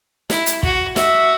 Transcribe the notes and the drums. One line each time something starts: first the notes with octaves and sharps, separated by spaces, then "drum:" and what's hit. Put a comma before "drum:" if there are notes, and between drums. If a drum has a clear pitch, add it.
E4, drum: snare
drum: hi-hat
F#4, drum: kick
F#4 E5, drum: snare